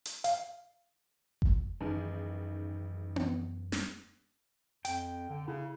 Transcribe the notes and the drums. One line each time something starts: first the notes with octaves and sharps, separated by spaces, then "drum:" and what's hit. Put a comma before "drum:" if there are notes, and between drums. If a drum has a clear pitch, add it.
drum: hi-hat
F5, drum: hi-hat
drum: kick G1
A1 F#2 D#3 E3 G#4
drum: tom B3
drum: snare
F2 G5, drum: hi-hat
D3
C#3 E4